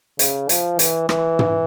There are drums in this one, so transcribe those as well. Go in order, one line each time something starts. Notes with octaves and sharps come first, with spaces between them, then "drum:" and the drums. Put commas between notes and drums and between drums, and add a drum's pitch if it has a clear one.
C#3, drum: hi-hat
F3, drum: hi-hat
E3, drum: hi-hat
E3, drum: rim click
drum: tom